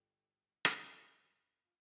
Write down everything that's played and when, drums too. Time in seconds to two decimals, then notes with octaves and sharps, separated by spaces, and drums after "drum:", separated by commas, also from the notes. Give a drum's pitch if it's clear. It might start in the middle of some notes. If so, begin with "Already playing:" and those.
Already playing: G1 G2 D3 G4
0.65 drum: rim click
0.80 G1 G2 D3 F#4
1.65 F4